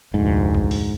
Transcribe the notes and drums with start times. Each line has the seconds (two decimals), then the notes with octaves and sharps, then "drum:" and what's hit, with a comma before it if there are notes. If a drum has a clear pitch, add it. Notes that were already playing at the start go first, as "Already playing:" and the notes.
0.14 F1 D2 G#2
0.54 drum: kick A#1
0.71 drum: open hi-hat